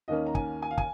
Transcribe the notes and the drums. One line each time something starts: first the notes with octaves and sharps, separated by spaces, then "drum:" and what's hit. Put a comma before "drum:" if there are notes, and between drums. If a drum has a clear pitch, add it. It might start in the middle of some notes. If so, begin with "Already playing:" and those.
D#2 D#3 A#3 C#4 D#5
A#5
G#5, drum: kick
G#5
F5
G#5, drum: kick